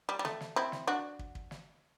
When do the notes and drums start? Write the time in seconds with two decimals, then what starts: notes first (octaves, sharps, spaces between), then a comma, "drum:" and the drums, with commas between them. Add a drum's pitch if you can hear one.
0.09 G3
0.19 G3
0.25 A3, drum: snare
0.41 drum: snare
0.56 C4 E4
0.72 drum: snare
0.87 D4 F#4
1.19 drum: kick
1.35 drum: kick
1.51 drum: snare